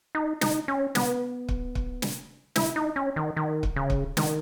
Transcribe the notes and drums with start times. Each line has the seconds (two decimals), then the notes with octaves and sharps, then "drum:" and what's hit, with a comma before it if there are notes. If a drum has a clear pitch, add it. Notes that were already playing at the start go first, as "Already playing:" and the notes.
0.15 D#4
0.41 D#4, drum: snare
0.68 C#4
0.95 B3, drum: snare
1.49 drum: kick
1.75 drum: kick
2.02 drum: snare
2.56 E4, drum: snare
2.76 D#4
2.96 C#4
3.16 D#3
3.36 D#3
3.63 drum: kick
3.76 C#3
3.90 drum: kick
4.17 D#3, drum: snare